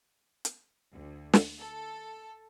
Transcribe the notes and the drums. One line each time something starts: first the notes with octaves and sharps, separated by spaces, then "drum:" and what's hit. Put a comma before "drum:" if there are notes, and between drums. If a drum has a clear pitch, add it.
drum: hi-hat
D2
drum: snare
A4